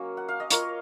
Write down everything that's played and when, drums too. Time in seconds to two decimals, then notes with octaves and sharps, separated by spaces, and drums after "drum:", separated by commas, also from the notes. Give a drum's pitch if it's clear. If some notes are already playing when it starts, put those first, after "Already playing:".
Already playing: F#3 A#3 C#4
0.17 F#5
0.28 F5
0.40 D#5
0.50 A#3 F4 A#4 C#5, drum: hi-hat